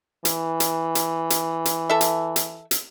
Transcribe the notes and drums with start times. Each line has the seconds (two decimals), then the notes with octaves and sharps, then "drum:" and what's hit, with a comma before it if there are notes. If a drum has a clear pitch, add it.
0.25 E3, drum: hi-hat
0.60 drum: hi-hat
0.95 drum: hi-hat
1.30 drum: hi-hat
1.65 drum: hi-hat
1.90 A4 E5
2.01 drum: hi-hat
2.36 drum: hi-hat
2.71 drum: hi-hat